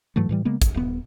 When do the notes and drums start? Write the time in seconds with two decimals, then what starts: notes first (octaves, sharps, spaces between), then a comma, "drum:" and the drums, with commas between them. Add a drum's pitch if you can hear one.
0.16 G#2 E3 F#3 A3
0.29 A2 E3 G3
0.45 C#3 G#3 A#3 B3
0.62 F1, drum: kick, hi-hat
0.74 D#1 B3